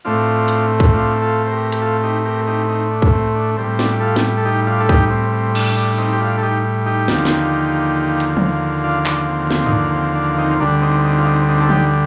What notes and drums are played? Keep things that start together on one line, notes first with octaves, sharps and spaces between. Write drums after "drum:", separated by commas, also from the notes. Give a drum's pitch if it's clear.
A2 A3 C4 D4 F4
drum: hi-hat
drum: kick
D4 F4
F4 A4
C5
G4 A#4
G4, drum: hi-hat
F4 A4
D#4 G4
G4 A#4
D#4 G4
C4 D#4
D4
drum: kick
C4
D4
A2 G3 C4
C4
D4, drum: snare
F4 A4
drum: snare
A4
D#4 G4
D4 F4
A4
D#4 G4, drum: kick
C4
C4
D4, drum: cymbal
D4
C4 D#4
G4
D4 F4
A4
D#4 G4
D#4 G4
D#2 D3 F3 A#3, drum: snare
drum: snare
drum: hi-hat
drum: tom E3
D4 F4
D4, drum: clap
C4
C4, drum: snare
D#4, drum: tom G2
D4
C4
D4
C4 D#4
D2 D3 G3 D4
C4 D#4
C4 D#4
F4
C4 D#4
C4 D#4
A4
D#4 G4, drum: tom E3